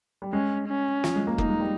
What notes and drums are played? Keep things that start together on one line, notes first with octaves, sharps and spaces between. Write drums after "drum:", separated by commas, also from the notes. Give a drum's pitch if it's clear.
G3
G#3 C#4
C#4
F3, drum: snare
G#3
A#3
A#3 D#4, drum: kick
G#3
G3